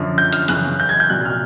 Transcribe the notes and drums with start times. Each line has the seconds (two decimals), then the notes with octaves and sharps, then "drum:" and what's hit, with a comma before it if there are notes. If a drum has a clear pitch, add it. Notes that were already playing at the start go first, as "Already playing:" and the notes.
Already playing: F#2 D3 F3
0.18 G6
0.33 F6, drum: hi-hat
0.48 F#2 C#3 E3 F#6, drum: hi-hat
0.80 G6
0.89 G#6
1.00 G6
1.09 C2 A#2 F#3 A#3 F#6
1.25 F6